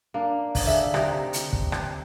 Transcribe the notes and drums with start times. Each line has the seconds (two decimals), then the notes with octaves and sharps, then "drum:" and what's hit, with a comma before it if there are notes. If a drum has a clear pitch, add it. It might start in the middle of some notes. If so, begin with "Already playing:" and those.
0.14 A#3 D4
0.55 drum: kick, open hi-hat
0.66 D3 G#4 E5 F5
0.94 C3 D#4 G4, drum: rim click
1.33 drum: hi-hat
1.53 drum: kick
1.72 drum: rim click